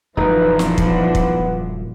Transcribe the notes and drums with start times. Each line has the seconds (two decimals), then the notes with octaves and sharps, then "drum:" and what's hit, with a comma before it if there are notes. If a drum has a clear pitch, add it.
0.17 D#1 F#2 E3 F3 D4 D#4 B4
0.59 drum: snare
0.78 B3, drum: kick
1.15 drum: kick